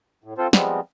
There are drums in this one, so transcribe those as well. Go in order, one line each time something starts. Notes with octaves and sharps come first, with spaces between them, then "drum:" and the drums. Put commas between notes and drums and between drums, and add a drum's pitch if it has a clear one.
A2
C4 F4 A4 C5
F3 G3 G#3 B3 C4, drum: snare